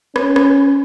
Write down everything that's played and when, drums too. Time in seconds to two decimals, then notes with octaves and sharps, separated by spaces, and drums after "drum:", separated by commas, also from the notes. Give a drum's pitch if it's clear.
0.16 C#4, drum: rim click
0.36 drum: rim click